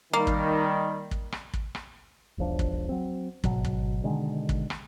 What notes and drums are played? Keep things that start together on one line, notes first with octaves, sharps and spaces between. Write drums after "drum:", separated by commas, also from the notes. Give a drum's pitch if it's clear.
D#3 G3 A#3
drum: kick
drum: kick
drum: rim click
drum: kick
drum: rim click
E1 B1 F3 D4
drum: kick
F#3 C4
G#1 B2 F#3, drum: kick
drum: kick
B2 D3 D#3 G#3
drum: kick
drum: rim click